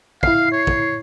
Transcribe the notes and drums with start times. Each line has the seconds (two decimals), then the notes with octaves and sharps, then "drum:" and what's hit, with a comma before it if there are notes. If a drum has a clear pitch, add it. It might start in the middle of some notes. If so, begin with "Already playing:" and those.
0.23 E4 F5 C7, drum: kick
0.52 C#5
0.67 drum: kick